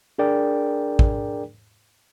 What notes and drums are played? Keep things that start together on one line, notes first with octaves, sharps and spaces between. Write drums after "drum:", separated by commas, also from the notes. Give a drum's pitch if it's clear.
D4 G#4 A#4 D5 G5
drum: kick